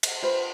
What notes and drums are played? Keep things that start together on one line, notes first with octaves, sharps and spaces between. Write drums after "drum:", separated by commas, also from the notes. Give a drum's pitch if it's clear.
drum: cymbal
F4 B4 C5